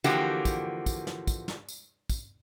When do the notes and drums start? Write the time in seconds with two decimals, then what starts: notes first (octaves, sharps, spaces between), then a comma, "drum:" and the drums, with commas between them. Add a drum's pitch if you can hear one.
0.04 D3 E3 F3 A#3 F#4 G4, drum: tambourine
0.45 drum: kick, tambourine
0.86 drum: kick, tambourine
1.07 drum: snare
1.27 drum: kick, tambourine
1.48 drum: snare
1.68 drum: tambourine
2.10 drum: kick, tambourine